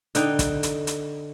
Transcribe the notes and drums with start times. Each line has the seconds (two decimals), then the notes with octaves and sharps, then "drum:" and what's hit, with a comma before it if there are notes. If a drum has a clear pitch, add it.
0.15 D3 D#4 G5, drum: hi-hat
0.39 drum: kick, hi-hat
0.63 drum: hi-hat
0.87 drum: hi-hat